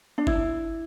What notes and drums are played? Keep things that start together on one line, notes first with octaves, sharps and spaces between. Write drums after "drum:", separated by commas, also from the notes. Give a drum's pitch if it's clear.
D4
E4, drum: kick G1